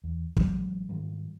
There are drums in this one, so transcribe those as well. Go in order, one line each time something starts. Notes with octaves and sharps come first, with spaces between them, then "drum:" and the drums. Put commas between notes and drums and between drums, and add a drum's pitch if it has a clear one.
E2
A1 F#3 G#3, drum: kick
G#2 D#3 F3 G3